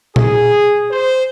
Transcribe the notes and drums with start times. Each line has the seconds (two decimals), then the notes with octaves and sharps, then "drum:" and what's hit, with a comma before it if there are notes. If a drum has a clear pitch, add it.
0.16 G#4, drum: tom A#2
0.91 C5